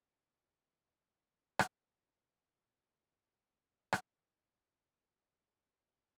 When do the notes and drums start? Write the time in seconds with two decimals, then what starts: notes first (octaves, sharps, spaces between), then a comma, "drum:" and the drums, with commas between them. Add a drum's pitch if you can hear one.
0.04 A2 C3 D#3 G3 A3
1.59 drum: rim click
3.93 drum: rim click
4.79 F#5
5.00 F3
5.16 A#5
5.32 F3
5.52 F#3
5.66 E4
5.87 C4
6.01 C#4